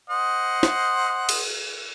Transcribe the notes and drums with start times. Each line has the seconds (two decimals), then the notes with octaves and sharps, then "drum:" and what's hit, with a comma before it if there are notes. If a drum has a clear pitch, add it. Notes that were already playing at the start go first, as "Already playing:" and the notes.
0.10 C5 D#5 F#5
0.63 drum: snare
1.29 drum: cymbal